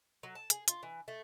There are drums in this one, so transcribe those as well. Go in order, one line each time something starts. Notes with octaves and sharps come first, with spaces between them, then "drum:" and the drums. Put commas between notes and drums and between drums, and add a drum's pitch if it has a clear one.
F#3
A5
G#4, drum: hi-hat
F4, drum: hi-hat
E3
A3